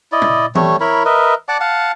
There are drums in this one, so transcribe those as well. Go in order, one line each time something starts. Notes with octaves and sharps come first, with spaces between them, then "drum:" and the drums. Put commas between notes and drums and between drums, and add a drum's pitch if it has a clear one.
E4 D5 D#5
drum: tom
G3 A3 C#5, drum: tom E3
E4 A#4 C#5 B5
A#4 B4 D#5 E5
D5 F#5 A5 D6
F5 F#5 A5